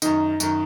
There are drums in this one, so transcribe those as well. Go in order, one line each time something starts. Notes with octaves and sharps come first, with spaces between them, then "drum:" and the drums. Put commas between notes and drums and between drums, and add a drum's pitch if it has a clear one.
F#2 D#3 D#4, drum: tambourine
F#2 D#3, drum: tambourine